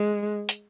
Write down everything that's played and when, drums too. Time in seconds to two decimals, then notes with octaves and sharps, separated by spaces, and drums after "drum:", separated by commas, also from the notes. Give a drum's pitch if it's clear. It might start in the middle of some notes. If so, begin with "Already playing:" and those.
Already playing: G#3
0.49 drum: hi-hat